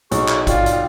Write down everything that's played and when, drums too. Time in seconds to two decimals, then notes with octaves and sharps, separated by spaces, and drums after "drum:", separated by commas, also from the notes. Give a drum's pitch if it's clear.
0.11 B1 G#4 C#6, drum: hi-hat
0.28 drum: clap
0.47 F4 D5 G5, drum: kick A1, hi-hat
0.66 drum: hi-hat